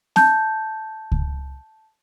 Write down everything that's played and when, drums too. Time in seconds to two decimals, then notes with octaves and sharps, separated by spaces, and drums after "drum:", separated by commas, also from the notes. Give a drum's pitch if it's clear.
0.16 A5 G6, drum: snare C4
1.12 drum: kick C#2